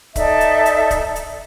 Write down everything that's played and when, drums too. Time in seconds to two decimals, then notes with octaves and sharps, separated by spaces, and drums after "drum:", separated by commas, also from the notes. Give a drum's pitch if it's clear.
0.16 D#4 A4 D5 E5, drum: kick C#1, hi-hat
0.41 drum: hi-hat
0.66 drum: hi-hat
0.91 drum: kick C#1, hi-hat
1.16 drum: hi-hat